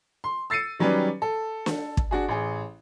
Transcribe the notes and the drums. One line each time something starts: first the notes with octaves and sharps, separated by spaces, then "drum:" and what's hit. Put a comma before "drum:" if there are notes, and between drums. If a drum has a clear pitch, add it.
C6
E6 A6 C7 C#7 D#7
D#3 F#3 G3 C#4 B4 D5
A4
drum: snare
drum: kick
D4 F#4 G#4
A1 G#4